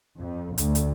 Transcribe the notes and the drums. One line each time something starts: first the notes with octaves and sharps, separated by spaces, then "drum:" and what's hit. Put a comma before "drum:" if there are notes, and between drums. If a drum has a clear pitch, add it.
F2
D2, drum: hi-hat
drum: hi-hat